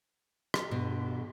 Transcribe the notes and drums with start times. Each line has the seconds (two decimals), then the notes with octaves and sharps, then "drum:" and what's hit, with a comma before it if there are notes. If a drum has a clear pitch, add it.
0.54 drum: rim click
0.71 G2 B2